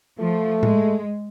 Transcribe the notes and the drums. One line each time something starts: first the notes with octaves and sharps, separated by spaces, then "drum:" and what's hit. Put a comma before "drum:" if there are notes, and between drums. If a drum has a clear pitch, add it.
F3 A3
G#3, drum: tom A2